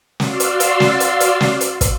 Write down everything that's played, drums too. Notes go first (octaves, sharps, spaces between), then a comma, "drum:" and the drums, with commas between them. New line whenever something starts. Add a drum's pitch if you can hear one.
F#4 D5 F5 C6 E6, drum: snare
drum: hi-hat
drum: hi-hat
drum: snare
drum: hi-hat
drum: hi-hat
drum: snare
drum: hi-hat
drum: kick, hi-hat